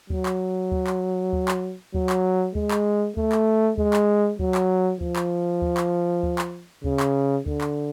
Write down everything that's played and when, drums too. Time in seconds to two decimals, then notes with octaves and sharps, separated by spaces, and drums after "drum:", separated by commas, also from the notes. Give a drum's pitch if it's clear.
0.10 F#3, drum: kick D2
0.26 drum: clap
0.72 drum: kick D2
0.87 drum: clap
1.33 drum: kick D2
1.48 drum: clap
1.94 F#3, drum: kick D2
2.10 drum: clap
2.55 G#3, drum: kick D2
2.71 drum: clap
3.17 A3, drum: kick D2
3.32 drum: clap
3.78 G#3, drum: kick D2
3.93 drum: clap
4.39 F#3, drum: kick D2
4.55 drum: clap
5.01 F3, drum: kick D2
5.16 drum: clap
5.62 drum: kick D2
5.77 drum: clap
6.23 drum: kick D2
6.38 drum: clap
6.84 C#3, drum: kick D2
7.00 drum: clap
7.46 D3, drum: kick D2
7.61 drum: clap